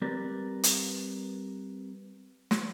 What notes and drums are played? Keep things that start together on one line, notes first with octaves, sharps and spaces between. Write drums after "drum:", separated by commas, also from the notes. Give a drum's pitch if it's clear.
G3 C4 G4 A#4 B4 D5
drum: hi-hat
drum: snare